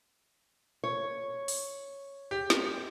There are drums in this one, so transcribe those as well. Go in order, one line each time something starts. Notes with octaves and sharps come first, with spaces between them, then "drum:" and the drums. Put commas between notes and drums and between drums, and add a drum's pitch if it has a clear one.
C#5
drum: open hi-hat
G4
drum: snare